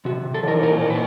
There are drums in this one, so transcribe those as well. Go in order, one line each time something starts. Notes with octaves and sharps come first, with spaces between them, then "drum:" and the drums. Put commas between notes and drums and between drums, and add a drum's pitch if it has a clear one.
C3 F#4
C3
A4
E3 A#4, drum: cymbal
A#2 A#4
A#2
B4